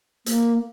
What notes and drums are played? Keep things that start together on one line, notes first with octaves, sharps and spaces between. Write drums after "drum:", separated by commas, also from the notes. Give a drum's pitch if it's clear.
A#3, drum: hi-hat